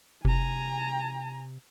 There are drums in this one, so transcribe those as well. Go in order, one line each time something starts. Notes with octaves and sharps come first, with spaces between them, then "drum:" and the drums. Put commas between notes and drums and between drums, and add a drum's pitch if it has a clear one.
C3 G#5 A#5, drum: kick F#1